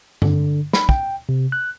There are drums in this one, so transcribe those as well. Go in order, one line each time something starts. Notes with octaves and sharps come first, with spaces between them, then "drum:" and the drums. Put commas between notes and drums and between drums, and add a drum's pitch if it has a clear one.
D3, drum: tom G2
B5, drum: snare
G5, drum: kick
C3
F#6